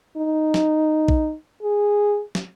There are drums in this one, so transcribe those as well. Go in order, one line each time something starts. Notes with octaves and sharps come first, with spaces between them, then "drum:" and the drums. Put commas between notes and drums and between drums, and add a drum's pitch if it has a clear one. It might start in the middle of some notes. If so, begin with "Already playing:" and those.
D#4
drum: snare
drum: kick A#1
G#4
drum: snare